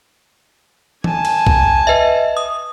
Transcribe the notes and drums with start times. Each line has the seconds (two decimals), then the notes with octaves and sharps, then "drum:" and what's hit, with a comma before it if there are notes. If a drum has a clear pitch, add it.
1.04 G#5 A5, drum: tom D#3
1.25 drum: cymbal
1.47 drum: kick B1
1.87 B4 D#5 E5
2.37 D#6